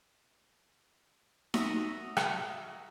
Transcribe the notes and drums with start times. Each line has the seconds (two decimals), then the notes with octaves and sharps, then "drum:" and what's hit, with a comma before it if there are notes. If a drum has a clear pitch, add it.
1.54 F#4 E5 A#5 D#6, drum: snare D#4
2.17 drum: rim click